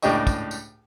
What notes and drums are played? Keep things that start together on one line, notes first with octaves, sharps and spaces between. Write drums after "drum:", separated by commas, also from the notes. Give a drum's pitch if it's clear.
C#2 A2 D4 G4 D#5 C#6, drum: tambourine
drum: kick, tambourine
drum: tambourine